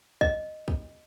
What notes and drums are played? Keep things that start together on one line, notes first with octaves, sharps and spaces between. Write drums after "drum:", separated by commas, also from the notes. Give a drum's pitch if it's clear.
D#5, drum: kick
drum: kick